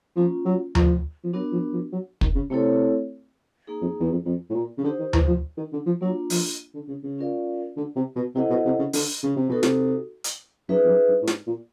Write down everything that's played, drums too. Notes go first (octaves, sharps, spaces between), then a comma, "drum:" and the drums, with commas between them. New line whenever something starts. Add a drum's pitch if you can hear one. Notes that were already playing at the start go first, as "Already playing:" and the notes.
F3 A#3 C#4 F4
F#3
F3, drum: tom D2
F3
F#3 B3 D4 F#4 A#4
F3
F3
F#3
D#3, drum: kick
C#3
C3 A3 C4 E4 A4 C#5
A#3 D#4 G#4
F2
E2
F2
F2
A2
A#2
C#3
D3 D#4 G4 C5
D#3
E3, drum: tom D2
F3
D#3
D3
F3
F#3 A#3 D4 F4
F3, drum: open hi-hat
D3
C#3
C#3
C#4 F4 A#4 D5 F5
D3
C3
B2
C3 E4 A4 C5 D#5 F#5
B2
C3
C#3
D3, drum: open hi-hat
C#3
C3
B2 D#4 F#4 A4
C3, drum: snare
drum: hi-hat
F#2 D#4 G#4 B4 E5
F2
F#2
G2
A2
G#2, drum: snare
A#2